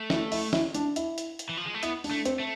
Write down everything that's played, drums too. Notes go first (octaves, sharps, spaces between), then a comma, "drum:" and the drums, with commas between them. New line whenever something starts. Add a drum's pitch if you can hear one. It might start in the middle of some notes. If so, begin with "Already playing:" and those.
Already playing: A3
E4, drum: snare
E4, drum: open hi-hat
E4, drum: snare
D4, drum: hi-hat
E4, drum: hi-hat
drum: hi-hat
drum: hi-hat
E3
F3
G#3
A3
B3 E4, drum: hi-hat
D4, drum: open hi-hat
A3
C4, drum: hi-hat
A3